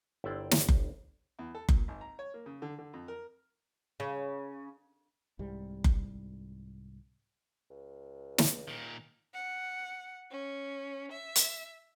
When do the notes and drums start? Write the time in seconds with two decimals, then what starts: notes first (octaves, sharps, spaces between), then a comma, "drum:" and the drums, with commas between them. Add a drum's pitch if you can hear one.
0.24 G1 E4 C5 D5 G5
0.51 drum: snare
0.69 drum: kick F#1
1.39 E2
1.55 A4
1.69 A#2, drum: kick F#1
1.88 G#1
2.01 A#5
2.19 C#5
2.34 A#3
2.46 C#3
2.62 D3
2.79 D3
2.94 F2
3.08 A#4
4.00 C#3
5.39 C2 G#2 G3
5.84 drum: kick F#1
7.70 C#2
8.38 drum: snare
8.68 A#2 D#3
9.34 F#5
10.31 C#4
11.12 E5
11.36 drum: hi-hat